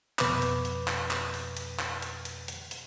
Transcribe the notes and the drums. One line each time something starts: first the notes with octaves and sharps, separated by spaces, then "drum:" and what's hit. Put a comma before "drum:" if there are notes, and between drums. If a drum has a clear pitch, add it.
F2 B2 B4 B5 D6, drum: clap
drum: hi-hat
drum: hi-hat
drum: clap
drum: clap
drum: open hi-hat
drum: hi-hat
drum: clap
drum: hi-hat
drum: hi-hat
drum: hi-hat
drum: hi-hat